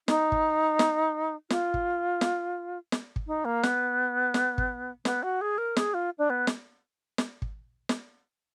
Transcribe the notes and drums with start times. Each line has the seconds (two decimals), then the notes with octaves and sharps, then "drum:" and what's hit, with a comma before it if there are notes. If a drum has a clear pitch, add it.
0.08 D#4, drum: snare
0.32 drum: kick
0.79 drum: snare
1.50 F4, drum: snare
1.74 drum: kick
2.21 drum: snare
2.92 drum: snare
3.16 drum: kick
3.27 D#4
3.45 A#3
3.63 B3, drum: snare
4.34 drum: snare
4.58 drum: kick
5.05 B3, drum: snare
5.23 F#4
5.41 G#4
5.58 A#4
5.77 G#4, drum: snare
5.94 F4
6.18 D4
6.30 B3
6.47 drum: snare
7.18 drum: snare
7.42 drum: kick
7.89 drum: snare